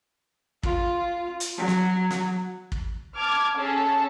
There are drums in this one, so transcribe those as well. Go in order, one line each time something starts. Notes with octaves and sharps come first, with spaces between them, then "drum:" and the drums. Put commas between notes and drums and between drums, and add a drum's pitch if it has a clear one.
F4, drum: kick
drum: hi-hat
F#3
drum: snare
drum: snare
drum: kick
A5 D6 F6 G#6
C#4 G#4 A4 A5